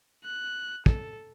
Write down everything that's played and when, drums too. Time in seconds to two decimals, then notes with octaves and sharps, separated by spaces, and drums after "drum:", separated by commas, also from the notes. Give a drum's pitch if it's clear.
0.24 F#6
0.86 A4, drum: kick